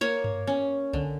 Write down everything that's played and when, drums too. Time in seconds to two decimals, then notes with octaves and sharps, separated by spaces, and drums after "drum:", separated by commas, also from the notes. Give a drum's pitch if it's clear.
0.01 A#3 C#5
0.24 drum: tom G2
0.47 C#4
0.93 D3, drum: kick B1